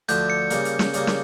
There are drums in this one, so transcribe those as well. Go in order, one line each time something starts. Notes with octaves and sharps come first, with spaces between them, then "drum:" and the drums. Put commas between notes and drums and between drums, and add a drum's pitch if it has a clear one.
D2 D3 F3 A3 D4 G6, drum: hi-hat
C#7
C#3 G3 A#3, drum: hi-hat
drum: hi-hat
drum: snare
C#3 G3 A#3, drum: hi-hat
drum: snare